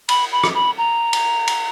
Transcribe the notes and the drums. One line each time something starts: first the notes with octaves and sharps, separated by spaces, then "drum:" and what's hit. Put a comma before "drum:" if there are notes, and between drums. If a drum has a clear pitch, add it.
B5, drum: cymbal
B5
drum: rim click
B5
A#5
drum: cymbal
drum: cymbal